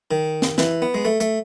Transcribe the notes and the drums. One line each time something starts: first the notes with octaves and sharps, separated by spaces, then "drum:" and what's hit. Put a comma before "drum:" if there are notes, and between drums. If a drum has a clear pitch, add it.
D#3
drum: snare
E3, drum: snare
B3
G#3
A3
A3, drum: hi-hat